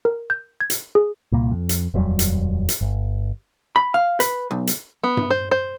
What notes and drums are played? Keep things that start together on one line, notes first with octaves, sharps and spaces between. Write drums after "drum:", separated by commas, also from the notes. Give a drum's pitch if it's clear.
A#4
G6
G#6
drum: hi-hat
G#4
C2 A#2 A#3
F2
drum: hi-hat
D#1 F2 F#3 G3
drum: hi-hat
drum: hi-hat
G1
B5
F5
B4, drum: hi-hat
B1
drum: hi-hat
B3
drum: tom G2
C5
C5